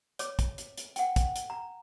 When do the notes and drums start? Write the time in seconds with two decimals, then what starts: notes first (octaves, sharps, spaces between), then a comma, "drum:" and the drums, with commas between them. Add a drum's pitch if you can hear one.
0.19 C#5 D6, drum: hi-hat
0.39 drum: kick, hi-hat
0.58 drum: hi-hat
0.77 drum: hi-hat
0.96 F#5 G5, drum: hi-hat
1.16 drum: kick, hi-hat
1.36 drum: hi-hat
1.50 A#5